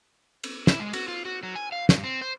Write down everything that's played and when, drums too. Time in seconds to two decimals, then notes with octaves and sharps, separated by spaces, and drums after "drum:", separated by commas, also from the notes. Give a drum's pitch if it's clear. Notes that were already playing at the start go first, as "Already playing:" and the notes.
0.44 drum: cymbal
0.67 E4, drum: snare
0.80 G#3
0.93 F#4, drum: cymbal
1.08 F4
1.25 F#4
1.43 F#3
1.55 G#5
1.72 F5
1.89 G2, drum: snare
2.04 C4
2.21 C5